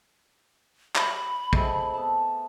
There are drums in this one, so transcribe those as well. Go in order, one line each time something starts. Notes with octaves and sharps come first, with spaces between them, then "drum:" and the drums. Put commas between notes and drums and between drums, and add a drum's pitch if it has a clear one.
B5, drum: clap
G#3 A3 C4, drum: kick
B3 A5